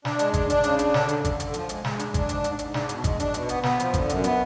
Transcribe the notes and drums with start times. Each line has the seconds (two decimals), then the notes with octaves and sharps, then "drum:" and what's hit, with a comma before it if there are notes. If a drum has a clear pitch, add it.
0.05 D4, drum: snare
0.19 G#3, drum: hi-hat
0.34 D4, drum: kick, hi-hat
0.50 D4, drum: hi-hat
0.64 C#3, drum: hi-hat
0.79 D4, drum: hi-hat
0.94 D3, drum: snare
1.09 D3, drum: hi-hat
1.25 D3, drum: kick, hi-hat
1.40 D3, drum: hi-hat
1.54 F3, drum: hi-hat
1.69 G#3, drum: hi-hat
1.84 G#3, drum: snare
1.99 D4, drum: hi-hat
2.14 D4, drum: kick, hi-hat
2.29 G#2, drum: hi-hat
2.44 G#2, drum: hi-hat
2.59 G#2, drum: hi-hat
2.74 D4, drum: snare
2.89 B2, drum: hi-hat
3.04 G#3, drum: kick, hi-hat
3.20 D4, drum: hi-hat
3.34 B2, drum: hi-hat
3.49 B3, drum: hi-hat
3.63 B3, drum: snare
3.80 F3, drum: hi-hat
3.94 D3, drum: kick, hi-hat
4.09 F#2, drum: hi-hat
4.24 B3, drum: hi-hat